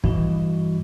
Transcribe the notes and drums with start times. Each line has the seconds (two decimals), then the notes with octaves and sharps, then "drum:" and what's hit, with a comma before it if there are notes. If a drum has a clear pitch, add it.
0.04 G2 E3 F#4 D#5, drum: kick